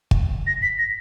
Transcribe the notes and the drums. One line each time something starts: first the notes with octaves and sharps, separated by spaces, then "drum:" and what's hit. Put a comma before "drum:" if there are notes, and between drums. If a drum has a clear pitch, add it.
drum: kick
A#6
B6
A#6